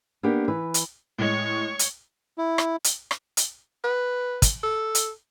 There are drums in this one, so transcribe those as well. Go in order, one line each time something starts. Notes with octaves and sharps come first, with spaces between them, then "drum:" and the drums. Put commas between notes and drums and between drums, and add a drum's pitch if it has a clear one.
A#3 B3 D4 G4
E3 B4
drum: hi-hat
A2 G#3 C#5 C#6
drum: hi-hat
E4
drum: rim click
drum: hi-hat
drum: rim click
drum: hi-hat
B4
drum: kick, hi-hat
A4
drum: hi-hat